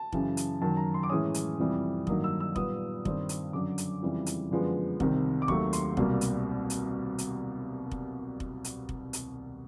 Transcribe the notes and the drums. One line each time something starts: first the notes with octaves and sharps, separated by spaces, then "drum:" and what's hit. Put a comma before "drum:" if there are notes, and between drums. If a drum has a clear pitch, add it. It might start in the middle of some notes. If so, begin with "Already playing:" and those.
Already playing: A5
F#2 C#3 E3, drum: kick F1
drum: hi-hat
F#2 D#3 F#3 A5
A#5
C6
D6
A2 E3 G#3 C#4 D#6
drum: hi-hat
F2 C3 E3 G3
G2 D#3 F#3 A#3 D#4 D#6, drum: kick F1
E6
E6
A#2 G3 B3 D#6, drum: kick F1
G2 D#3 G3 C4, drum: kick F1
drum: hi-hat
F#2 D3 F#3 D6
drum: hi-hat
F2 C#3 E3 G3
drum: hi-hat
F#2 D3 F3 G#3 B3
C2 C3 D#3, drum: kick F1
D6
D#2 D#3 F#3 A3 C#6, drum: kick F1
C6, drum: hi-hat
C2 B2 G3 A#3, drum: kick F1
drum: hi-hat
drum: hi-hat
drum: hi-hat
drum: kick F1
drum: kick F1
drum: hi-hat
drum: kick F1
drum: hi-hat